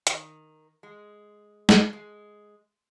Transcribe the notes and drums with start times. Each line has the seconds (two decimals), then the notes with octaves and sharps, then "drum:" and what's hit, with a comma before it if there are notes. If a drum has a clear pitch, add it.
0.07 D#3, drum: hi-hat
0.83 G#3
1.69 drum: snare
1.93 G#3